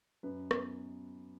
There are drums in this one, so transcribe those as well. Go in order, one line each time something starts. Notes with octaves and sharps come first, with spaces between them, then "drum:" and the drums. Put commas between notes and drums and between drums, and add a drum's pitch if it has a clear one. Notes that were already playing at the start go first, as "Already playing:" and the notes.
F#2 B4
B3, drum: rim click